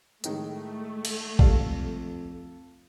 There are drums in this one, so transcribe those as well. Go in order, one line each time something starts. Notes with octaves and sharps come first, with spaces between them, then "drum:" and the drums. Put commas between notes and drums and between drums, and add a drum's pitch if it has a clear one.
A2 D#3 G#3 A3, drum: hi-hat
drum: cymbal
F2 G#2 G3 A4 F5 A5, drum: kick A1